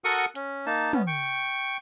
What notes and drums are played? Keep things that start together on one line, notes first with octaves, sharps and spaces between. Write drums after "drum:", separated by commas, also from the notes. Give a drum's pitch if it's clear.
F#4 A4 A#4 F#5 C#6 D#6
C#4, drum: hi-hat
A#3 D#4 A5
B3 C#4, drum: tom
G5 C#6